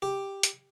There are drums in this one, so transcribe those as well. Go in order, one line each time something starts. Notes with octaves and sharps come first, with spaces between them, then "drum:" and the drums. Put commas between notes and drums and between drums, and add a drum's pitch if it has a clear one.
G4
drum: hi-hat